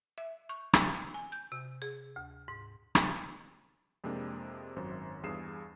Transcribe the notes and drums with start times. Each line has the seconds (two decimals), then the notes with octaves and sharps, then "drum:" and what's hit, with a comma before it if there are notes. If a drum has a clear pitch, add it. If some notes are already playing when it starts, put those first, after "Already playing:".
0.18 E5
0.49 C#6
0.73 E6, drum: rim click
1.14 G#5
1.32 G6
1.52 C3
1.82 G#4
2.16 D2
2.48 G#2
2.95 drum: rim click
4.04 F2 C3 G#3 A#3 D4
4.76 G#1 F#2 C5
5.23 E2 G2 G#4 D#6 C7 E7